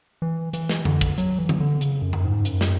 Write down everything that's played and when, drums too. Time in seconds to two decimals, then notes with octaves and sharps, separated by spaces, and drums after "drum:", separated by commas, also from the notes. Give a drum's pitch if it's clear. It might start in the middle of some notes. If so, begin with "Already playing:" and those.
0.22 E3
0.53 E3, drum: hi-hat
0.69 drum: snare
0.85 D3, drum: tom F2
1.01 drum: kick, hi-hat
1.18 F#3, drum: hi-hat
1.39 E3
1.49 drum: tom D3
1.60 D3
1.81 C#3, drum: hi-hat
2.02 F#2
2.13 drum: tom F2
2.24 G#2
2.45 F#2, drum: hi-hat
2.61 drum: snare